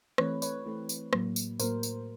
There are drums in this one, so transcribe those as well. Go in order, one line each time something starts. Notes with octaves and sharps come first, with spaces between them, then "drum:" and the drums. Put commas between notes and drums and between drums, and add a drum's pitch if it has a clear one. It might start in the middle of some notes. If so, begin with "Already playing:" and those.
E3 A3 C4 B4 C#5, drum: rim click
B4 C#5, drum: tambourine
E3 A3 C4
drum: tambourine
A2 F#3 A#3, drum: rim click
drum: tambourine
A2 F#3 A#3 A#4 C5, drum: tambourine
drum: tambourine